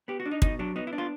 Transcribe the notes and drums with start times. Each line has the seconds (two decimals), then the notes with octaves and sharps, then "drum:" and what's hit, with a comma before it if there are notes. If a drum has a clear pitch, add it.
0.08 B3 G4
0.20 F#4
0.26 D4
0.31 D#4
0.42 B2 D#4, drum: kick
0.59 F#3 D4
0.76 B3 D#4
0.87 E4
0.93 D4
0.98 F4